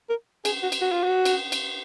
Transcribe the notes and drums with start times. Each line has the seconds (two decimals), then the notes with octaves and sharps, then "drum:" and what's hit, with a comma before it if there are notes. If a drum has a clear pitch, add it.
0.10 A#4
0.45 G#4, drum: cymbal
0.63 F#4
0.72 drum: cymbal
0.82 F#4
0.92 F4
1.04 F#4
1.25 drum: cymbal
1.52 drum: cymbal